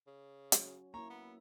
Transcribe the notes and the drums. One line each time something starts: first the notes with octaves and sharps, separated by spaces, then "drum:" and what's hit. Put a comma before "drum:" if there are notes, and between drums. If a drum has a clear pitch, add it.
C#3
F#3 C#4, drum: hi-hat
A#3 E4 C#5 A#5
B3